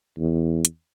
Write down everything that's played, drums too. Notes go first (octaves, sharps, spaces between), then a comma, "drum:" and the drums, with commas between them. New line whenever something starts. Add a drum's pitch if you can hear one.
E2
drum: hi-hat